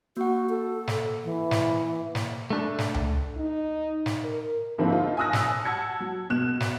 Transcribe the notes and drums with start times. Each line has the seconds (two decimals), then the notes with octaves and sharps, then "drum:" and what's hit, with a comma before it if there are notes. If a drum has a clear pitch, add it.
0.17 A#3 F#4 F#5
0.49 A4
0.88 drum: snare
1.24 E3
1.51 drum: snare
2.15 drum: snare
2.50 A3 D4
2.78 drum: snare
2.94 drum: tom C#2
3.36 D#4
4.06 drum: snare
4.24 A#4
4.78 G#2 D3 F3 A#3 C4 E4
4.90 D#4 F4
5.17 G#5 A5 D#6 E6 F#6 A#6
5.33 drum: snare
5.65 F#5 A5 E6 G#6 C#7
6.00 F#3
6.30 B2 F#6 E7
6.60 drum: snare